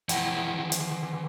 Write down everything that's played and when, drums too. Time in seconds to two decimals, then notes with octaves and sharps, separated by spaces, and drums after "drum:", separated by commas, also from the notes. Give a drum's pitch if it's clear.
0.09 E3 F3 F#5 G5, drum: hi-hat
0.72 drum: hi-hat